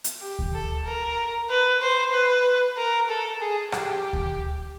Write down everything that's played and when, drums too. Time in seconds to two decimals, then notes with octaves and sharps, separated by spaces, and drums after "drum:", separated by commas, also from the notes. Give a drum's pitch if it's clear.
0.04 drum: hi-hat
0.21 G4
0.39 drum: kick D2
0.53 A4
0.85 A#4
1.50 B4
1.81 C5
2.12 B4
2.77 A#4
3.08 A4
3.41 G#4
3.72 G4, drum: rim click
4.13 drum: kick D2